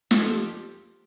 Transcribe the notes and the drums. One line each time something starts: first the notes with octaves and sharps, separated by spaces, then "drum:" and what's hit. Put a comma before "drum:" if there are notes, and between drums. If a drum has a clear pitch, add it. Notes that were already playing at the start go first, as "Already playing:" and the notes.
F3 F4, drum: snare
A4
G4